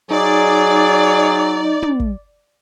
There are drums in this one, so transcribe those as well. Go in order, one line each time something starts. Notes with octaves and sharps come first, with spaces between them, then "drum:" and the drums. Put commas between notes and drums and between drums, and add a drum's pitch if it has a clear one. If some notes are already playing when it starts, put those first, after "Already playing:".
F#3 D#4 G#4 D5
drum: tom
drum: kick